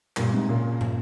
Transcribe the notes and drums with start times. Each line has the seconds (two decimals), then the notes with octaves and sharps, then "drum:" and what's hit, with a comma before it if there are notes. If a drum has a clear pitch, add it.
0.17 G2 A#2, drum: clap
0.33 G#2 C3
0.49 A#2 C#3
0.81 drum: tom